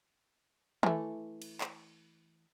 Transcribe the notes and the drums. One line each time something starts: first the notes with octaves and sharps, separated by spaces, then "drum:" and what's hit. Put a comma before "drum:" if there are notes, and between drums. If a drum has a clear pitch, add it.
E3 A3, drum: tom D#3
drum: cymbal
drum: clap